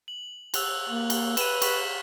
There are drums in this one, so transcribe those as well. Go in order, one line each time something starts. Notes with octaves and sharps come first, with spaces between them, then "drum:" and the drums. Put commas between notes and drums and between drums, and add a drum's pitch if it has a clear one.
F#7
E6 F#6 F7, drum: cymbal
A#3 F#7
drum: cymbal
B4 D#7 E7, drum: cymbal
C#6 B6, drum: cymbal